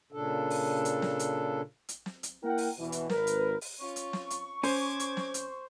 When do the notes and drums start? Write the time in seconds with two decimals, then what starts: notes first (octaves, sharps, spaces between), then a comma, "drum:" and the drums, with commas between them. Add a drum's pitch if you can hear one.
0.12 A#2 C#3 D4 A4
0.50 drum: open hi-hat
0.85 drum: hi-hat
1.02 drum: snare
1.19 drum: hi-hat
1.89 drum: hi-hat
2.06 drum: snare
2.23 drum: hi-hat
2.43 A#3 E4 A#4 F#5 G5
2.58 drum: open hi-hat
2.78 E2 B2 E3
2.92 drum: hi-hat
3.09 G#1 A#4 B4, drum: snare
3.27 drum: hi-hat
3.61 drum: open hi-hat
3.79 C#4 F4 C#6
3.96 drum: hi-hat
4.13 drum: snare
4.30 drum: hi-hat
4.63 C#4 C5 D6 G#6, drum: open hi-hat
5.00 drum: hi-hat
5.17 drum: snare
5.34 drum: hi-hat